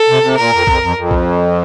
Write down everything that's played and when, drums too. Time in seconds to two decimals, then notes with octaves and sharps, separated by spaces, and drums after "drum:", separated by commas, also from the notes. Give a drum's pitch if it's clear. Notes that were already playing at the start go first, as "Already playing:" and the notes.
Already playing: A4
0.09 C3
0.23 C3
0.38 A#2 A#4
0.52 F2
0.67 F2, drum: kick B1
0.82 F2
0.97 F2
1.11 drum: kick B1